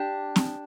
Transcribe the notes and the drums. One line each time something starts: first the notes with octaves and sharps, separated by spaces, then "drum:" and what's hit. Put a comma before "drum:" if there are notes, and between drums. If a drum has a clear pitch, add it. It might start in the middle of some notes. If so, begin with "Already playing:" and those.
Already playing: D4 G4
drum: snare C4